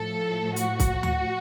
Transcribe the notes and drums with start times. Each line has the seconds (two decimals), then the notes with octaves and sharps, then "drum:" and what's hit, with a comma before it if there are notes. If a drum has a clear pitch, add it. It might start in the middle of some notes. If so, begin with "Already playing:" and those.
Already playing: A2 F3 A3 A4
0.56 F#4, drum: hi-hat
0.80 drum: kick C2, hi-hat
1.03 drum: tom D2